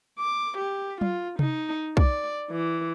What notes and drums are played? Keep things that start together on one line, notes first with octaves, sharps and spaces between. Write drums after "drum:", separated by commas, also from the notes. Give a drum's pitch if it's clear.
D6
G4
F4, drum: tom F#3
D#4, drum: tom C3
D5, drum: kick
E3